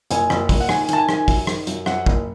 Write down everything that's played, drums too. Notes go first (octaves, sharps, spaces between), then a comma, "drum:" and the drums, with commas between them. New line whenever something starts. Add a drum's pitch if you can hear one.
F#1 G#5, drum: hi-hat
F#1, drum: rim click
F#1, drum: kick, open hi-hat
F#5
D#3 G#5, drum: rim click
G#5
D#3 A5, drum: hi-hat
G#5
D#3 G#5, drum: rim click
F#2, drum: kick, open hi-hat
D#3, drum: rim click
F#2, drum: hi-hat
F#2 F#5, drum: rim click
F#1, drum: kick